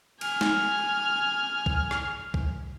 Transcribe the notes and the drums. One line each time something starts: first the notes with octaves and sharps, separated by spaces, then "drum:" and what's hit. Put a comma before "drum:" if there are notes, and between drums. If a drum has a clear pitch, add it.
G#5 F6, drum: cymbal
drum: snare
drum: kick
drum: rim click
drum: kick